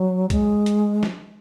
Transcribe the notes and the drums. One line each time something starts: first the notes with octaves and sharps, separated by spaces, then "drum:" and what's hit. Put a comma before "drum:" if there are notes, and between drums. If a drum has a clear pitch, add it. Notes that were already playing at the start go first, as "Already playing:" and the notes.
Already playing: F#3
G#3, drum: kick, hi-hat
drum: hi-hat
drum: snare